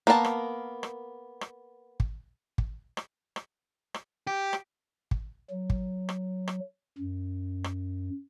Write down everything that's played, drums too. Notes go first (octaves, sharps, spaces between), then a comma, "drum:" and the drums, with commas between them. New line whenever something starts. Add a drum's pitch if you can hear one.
A#3 B3 A#4 D5 A5
drum: rim click
drum: rim click
drum: rim click
drum: kick
drum: kick
drum: rim click
drum: rim click
drum: rim click
G4
drum: rim click
drum: kick
F#3
drum: kick
drum: rim click
drum: rim click
F#2
drum: rim click